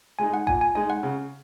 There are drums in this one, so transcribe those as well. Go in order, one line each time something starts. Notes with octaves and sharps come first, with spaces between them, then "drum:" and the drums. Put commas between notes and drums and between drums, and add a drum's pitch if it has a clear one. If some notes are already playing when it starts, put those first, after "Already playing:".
G#3 D#4 G#5
F#5
A#2 G#5, drum: kick A1
G#5
G#3 D#4 G#5
F#5
C#3